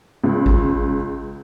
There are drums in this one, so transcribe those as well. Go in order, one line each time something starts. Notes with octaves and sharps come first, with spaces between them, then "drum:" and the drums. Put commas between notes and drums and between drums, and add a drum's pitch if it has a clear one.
C#2
drum: kick A1